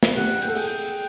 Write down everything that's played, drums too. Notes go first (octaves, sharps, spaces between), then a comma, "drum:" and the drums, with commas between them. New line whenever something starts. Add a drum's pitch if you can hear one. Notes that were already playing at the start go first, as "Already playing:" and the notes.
drum: snare
G4 F#5
G5, drum: hi-hat
A4
G#4 G5, drum: open hi-hat
G5